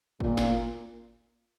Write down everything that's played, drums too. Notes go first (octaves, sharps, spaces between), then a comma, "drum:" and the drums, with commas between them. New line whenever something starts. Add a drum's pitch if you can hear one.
A#2, drum: kick
drum: snare